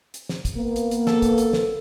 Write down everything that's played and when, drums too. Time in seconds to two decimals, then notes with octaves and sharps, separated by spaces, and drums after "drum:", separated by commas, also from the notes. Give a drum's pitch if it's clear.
0.14 drum: hi-hat
0.29 drum: snare
0.45 drum: kick, hi-hat
0.57 A#3 B3
0.76 drum: hi-hat
0.91 drum: hi-hat
1.07 A4, drum: snare
1.22 drum: kick, hi-hat
1.38 drum: hi-hat
1.53 drum: snare